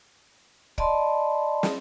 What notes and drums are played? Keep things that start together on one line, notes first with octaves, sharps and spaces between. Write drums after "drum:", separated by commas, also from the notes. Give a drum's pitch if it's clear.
D5 D#5 A5 B5 C6, drum: kick
drum: snare